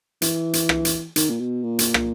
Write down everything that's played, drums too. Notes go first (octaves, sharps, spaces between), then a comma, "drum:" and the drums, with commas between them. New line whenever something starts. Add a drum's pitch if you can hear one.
E3, drum: hi-hat
drum: hi-hat
drum: rim click
drum: hi-hat
D#3, drum: hi-hat
A#2
B2
A#2
drum: hi-hat
drum: rim click